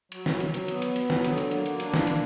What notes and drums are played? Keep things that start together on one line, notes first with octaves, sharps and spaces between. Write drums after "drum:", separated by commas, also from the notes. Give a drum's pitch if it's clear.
F#3, drum: hi-hat
drum: snare
F#3, drum: hi-hat
drum: hi-hat
B3, drum: hi-hat
drum: hi-hat
F#3, drum: hi-hat
drum: snare
D3, drum: hi-hat
drum: hi-hat
A#3, drum: hi-hat
drum: hi-hat
D4, drum: hi-hat
drum: snare
A#3, drum: hi-hat